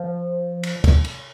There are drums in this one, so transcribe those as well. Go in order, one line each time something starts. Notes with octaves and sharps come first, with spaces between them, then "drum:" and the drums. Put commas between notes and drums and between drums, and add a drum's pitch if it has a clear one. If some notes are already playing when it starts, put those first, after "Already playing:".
Already playing: F3
drum: cymbal
drum: kick, cymbal
drum: cymbal